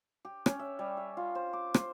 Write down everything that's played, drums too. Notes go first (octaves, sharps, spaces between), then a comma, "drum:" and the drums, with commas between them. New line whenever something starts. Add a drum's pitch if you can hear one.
G4
C#4, drum: rim click
E5
G3
E5
F4
C5
D6
C5, drum: rim click